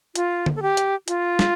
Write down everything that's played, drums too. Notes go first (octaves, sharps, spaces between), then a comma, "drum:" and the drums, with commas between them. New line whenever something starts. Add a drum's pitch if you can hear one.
F4, drum: hi-hat
drum: tom D3
A4
G4
drum: hi-hat
F4, drum: hi-hat
drum: snare